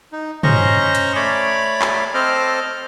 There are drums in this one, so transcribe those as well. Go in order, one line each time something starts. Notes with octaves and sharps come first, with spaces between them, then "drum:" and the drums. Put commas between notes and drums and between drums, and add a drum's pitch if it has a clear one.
D#4
C#4 C5 D#5 A#5 C#6, drum: tom
drum: hi-hat
A3 C#5 D5 B5 D6
drum: clap
C4 A4 C5 D#5 D6 F6